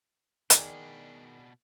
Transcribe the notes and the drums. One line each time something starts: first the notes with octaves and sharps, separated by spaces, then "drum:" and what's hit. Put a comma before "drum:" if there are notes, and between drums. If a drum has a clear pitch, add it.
B2 D#3 D4 G#4 D5, drum: hi-hat